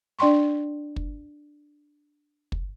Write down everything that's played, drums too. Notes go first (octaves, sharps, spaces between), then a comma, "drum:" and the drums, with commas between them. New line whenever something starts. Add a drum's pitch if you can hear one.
D4 D5 G5 C6 C#6
drum: kick
drum: kick